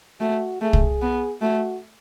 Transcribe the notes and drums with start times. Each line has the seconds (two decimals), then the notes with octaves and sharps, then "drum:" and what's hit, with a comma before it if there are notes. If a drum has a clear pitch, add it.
0.20 A3 F#4
0.61 A3 G#4
0.73 drum: kick
1.02 B3
1.41 A3 F#4